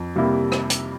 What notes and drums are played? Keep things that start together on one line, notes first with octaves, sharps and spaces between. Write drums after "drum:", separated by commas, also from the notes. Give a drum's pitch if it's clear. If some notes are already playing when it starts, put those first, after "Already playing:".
Already playing: F2
C3 G3 A#3 E4
drum: rim click
drum: hi-hat